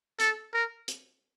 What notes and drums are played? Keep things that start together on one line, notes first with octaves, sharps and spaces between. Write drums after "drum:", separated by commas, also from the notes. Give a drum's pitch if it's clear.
A4, drum: hi-hat
A#4
drum: hi-hat